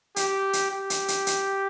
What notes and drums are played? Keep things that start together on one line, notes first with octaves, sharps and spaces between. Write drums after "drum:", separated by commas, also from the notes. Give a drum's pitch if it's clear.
G4, drum: hi-hat
drum: hi-hat
G4
drum: hi-hat
drum: hi-hat
drum: hi-hat